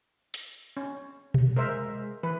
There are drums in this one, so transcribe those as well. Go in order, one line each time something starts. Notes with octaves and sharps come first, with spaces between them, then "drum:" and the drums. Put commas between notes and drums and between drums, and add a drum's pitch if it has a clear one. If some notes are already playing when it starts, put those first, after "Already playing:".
drum: hi-hat
C#4
drum: tom B2
G#3 A#4 C5 E5
E3 B4